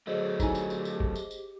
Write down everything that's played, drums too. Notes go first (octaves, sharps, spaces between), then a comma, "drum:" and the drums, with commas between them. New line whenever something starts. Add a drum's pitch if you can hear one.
F#3 A3 G#4 C5 D#5
D#4 E4 G4 G#5, drum: kick F#1, tambourine
drum: tambourine
drum: tambourine
drum: tambourine
drum: kick F#1
drum: tambourine
drum: tambourine